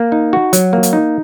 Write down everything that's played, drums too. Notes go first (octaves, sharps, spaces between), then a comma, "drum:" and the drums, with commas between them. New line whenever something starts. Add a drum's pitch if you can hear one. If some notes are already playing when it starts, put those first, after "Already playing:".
Already playing: A#3
D#4
F#4
F#3, drum: hi-hat
A#3
drum: hi-hat
D#4